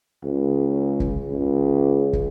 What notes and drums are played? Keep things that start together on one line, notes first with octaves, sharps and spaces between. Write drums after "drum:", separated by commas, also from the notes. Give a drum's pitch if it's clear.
C#2
drum: kick
C#2
drum: kick